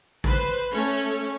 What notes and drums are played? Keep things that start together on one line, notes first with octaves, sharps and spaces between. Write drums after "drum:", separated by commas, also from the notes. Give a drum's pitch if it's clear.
B4 C5, drum: kick A1
A3 C#4 A4 C#5